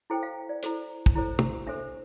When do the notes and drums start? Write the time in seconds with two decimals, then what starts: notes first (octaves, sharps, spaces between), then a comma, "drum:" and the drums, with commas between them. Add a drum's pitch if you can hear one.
0.10 E4 A4 C5 G5
0.23 F5
0.49 D5
0.63 E4 A4 C5, drum: hi-hat
1.06 drum: kick
1.15 E4 A4 C5
1.39 drum: tom
1.67 D4 A4 C5 E5